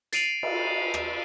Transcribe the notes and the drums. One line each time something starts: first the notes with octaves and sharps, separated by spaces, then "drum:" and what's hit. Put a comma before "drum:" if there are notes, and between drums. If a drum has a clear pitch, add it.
A6 C7 D7 D#7 F7 F#7, drum: hi-hat
drum: cymbal
drum: rim click